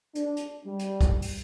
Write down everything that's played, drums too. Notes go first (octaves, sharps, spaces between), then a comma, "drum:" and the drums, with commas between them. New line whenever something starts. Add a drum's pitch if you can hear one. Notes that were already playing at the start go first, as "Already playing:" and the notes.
D4, drum: hi-hat
drum: hi-hat
G3
drum: hi-hat
drum: kick, hi-hat
drum: open hi-hat